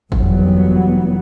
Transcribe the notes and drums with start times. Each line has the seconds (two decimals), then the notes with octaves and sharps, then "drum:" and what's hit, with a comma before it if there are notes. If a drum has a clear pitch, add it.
0.12 F1 F#2 E3 F#3 G3 B3, drum: kick